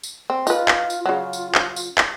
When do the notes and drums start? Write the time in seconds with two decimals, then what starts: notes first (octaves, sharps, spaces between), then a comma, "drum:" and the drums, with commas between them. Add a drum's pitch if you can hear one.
0.03 drum: tambourine
0.30 C4
0.47 D#4 F4 B4, drum: tambourine
0.68 drum: clap
0.90 drum: tambourine
1.06 C#3 F#3 F4
1.33 drum: tambourine
1.55 drum: clap
1.76 drum: tambourine
1.98 drum: clap